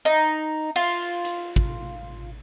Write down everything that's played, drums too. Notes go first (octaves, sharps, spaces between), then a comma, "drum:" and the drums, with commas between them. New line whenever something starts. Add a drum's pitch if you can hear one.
D#4
F4, drum: cymbal
drum: hi-hat
drum: kick